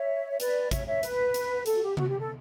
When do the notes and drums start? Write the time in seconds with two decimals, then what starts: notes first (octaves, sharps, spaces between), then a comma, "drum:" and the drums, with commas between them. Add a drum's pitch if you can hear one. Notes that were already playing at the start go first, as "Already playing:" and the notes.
Already playing: C#5 E5
0.31 E5
0.40 B4 D5, drum: hi-hat
0.71 C#5 E5, drum: kick, hi-hat
0.87 C#5 E5
1.03 B4, drum: hi-hat
1.34 drum: hi-hat
1.66 A4, drum: hi-hat
1.75 F#4
1.82 G4
1.97 F#4, drum: tom C3
2.08 G4
2.19 A4